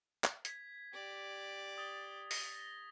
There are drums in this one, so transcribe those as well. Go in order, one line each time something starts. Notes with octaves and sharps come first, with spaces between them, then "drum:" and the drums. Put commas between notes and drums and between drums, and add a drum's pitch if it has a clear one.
drum: clap
G#6 B6, drum: hi-hat
G4 D5
D#6 A6 G7
A#6 G7, drum: open hi-hat